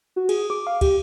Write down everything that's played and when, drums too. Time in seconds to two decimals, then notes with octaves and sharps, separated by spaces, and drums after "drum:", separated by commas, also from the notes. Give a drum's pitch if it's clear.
0.16 F#4
0.29 G#4, drum: cymbal
0.50 D6
0.67 F5
0.81 G4, drum: kick, cymbal